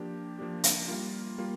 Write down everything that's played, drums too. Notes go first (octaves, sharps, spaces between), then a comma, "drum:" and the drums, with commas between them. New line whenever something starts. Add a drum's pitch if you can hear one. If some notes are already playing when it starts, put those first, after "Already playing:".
Already playing: F3 A#3 D4 G4
F3 A#3 D4 G4
drum: hi-hat
G3 A#3 F4
G3 A#3 F4